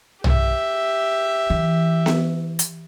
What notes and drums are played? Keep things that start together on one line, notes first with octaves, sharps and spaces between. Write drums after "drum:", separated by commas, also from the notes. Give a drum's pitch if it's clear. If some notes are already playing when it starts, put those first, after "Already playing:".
G4 E5, drum: tom B1
E3
drum: snare B3
drum: hi-hat